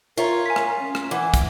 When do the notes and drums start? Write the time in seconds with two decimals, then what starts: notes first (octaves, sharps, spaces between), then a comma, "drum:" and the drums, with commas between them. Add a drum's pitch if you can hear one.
0.17 F4 A#4 C#5 E5
0.46 G#5 B6
0.56 drum: rim click
0.80 C#4
0.95 drum: rim click
1.11 E3 F#5 D6
1.34 drum: kick, hi-hat